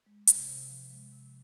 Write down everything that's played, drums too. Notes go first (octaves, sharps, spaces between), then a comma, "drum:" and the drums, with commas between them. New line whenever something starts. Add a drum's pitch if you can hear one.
G#3
C3, drum: hi-hat
C3
F3
G#3
C3